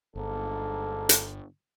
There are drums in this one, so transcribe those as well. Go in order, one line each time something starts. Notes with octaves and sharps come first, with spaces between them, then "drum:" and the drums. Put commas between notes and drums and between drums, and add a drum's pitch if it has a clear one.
G1 G#2 A#3 A4
drum: hi-hat